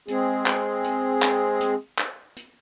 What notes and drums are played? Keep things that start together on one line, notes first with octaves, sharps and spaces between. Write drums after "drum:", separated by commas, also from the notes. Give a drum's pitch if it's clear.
G#3 C4 G#4, drum: hi-hat
drum: clap
drum: hi-hat
drum: clap
drum: hi-hat
drum: clap
drum: hi-hat